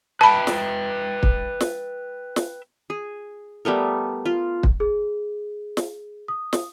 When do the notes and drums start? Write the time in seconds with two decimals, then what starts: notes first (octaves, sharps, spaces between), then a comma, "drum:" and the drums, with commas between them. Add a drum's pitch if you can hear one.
0.21 B4 E5 G5 A5 B5
0.47 drum: snare
1.23 drum: kick
1.61 drum: snare
2.36 drum: snare
2.90 G#4
3.65 G3 A3 B3 A#4
4.25 F4
4.63 drum: kick
4.80 G#4
5.77 drum: snare
6.28 D#6
6.53 drum: snare